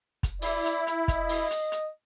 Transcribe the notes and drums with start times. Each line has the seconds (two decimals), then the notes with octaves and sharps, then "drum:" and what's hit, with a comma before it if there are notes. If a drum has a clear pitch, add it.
0.23 drum: kick, hi-hat
0.42 E4 D5, drum: open hi-hat
0.66 drum: hi-hat
0.87 drum: hi-hat
1.08 D#5, drum: kick, hi-hat
1.29 drum: open hi-hat
1.51 drum: hi-hat
1.72 drum: hi-hat